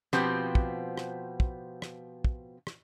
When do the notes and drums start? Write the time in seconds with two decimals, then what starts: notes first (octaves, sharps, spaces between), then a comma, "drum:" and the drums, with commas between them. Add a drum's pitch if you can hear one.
0.13 B2 F3 B3 C4 G4, drum: rim click
0.55 drum: kick
0.98 drum: rim click
1.40 drum: kick
1.82 drum: rim click
2.24 drum: kick
2.67 drum: rim click